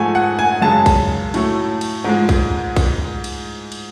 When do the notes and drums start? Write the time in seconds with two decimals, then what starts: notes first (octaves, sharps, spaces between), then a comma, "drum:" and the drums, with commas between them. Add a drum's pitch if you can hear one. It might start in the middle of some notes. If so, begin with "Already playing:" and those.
Already playing: G#2 F3 A3 G#5
0.15 F#5
0.39 G#5
0.62 F#2 C#3 G#3 A5
0.86 drum: kick, cymbal
1.34 A2 F#3 A3, drum: cymbal
1.81 drum: cymbal
2.04 G#2 F3 G#3
2.29 drum: kick, cymbal
2.76 drum: kick, cymbal
3.24 drum: cymbal
3.72 drum: cymbal